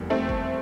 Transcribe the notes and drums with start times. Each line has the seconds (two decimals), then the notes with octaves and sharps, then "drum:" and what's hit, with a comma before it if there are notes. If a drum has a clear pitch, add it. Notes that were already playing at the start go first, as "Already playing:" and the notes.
Already playing: F1 E2 E3 G3 A#3
0.10 A3 C4
0.29 drum: kick